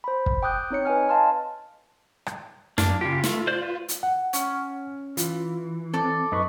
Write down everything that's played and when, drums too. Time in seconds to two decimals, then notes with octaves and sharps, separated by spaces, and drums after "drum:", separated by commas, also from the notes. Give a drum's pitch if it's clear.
0.04 C5 B5
0.26 drum: kick
0.43 G5 D6 D#6 F#6 G6
0.70 C4 D#4 C#5 C#7
0.85 B4 D#5 G#5 F6
1.09 D#5 F5 A5 C6 F6
2.26 drum: rim click
2.78 F#2 A#3 D4, drum: snare
3.01 C#3 F4 G4
3.24 A3, drum: snare
3.47 C5 D5 G6
3.62 B4
3.89 drum: hi-hat
4.03 F#5
4.33 C#4, drum: hi-hat
5.17 E3 F4, drum: hi-hat
5.94 C4 A4 D5
6.32 F#2 D#4 B4 D#5 C#6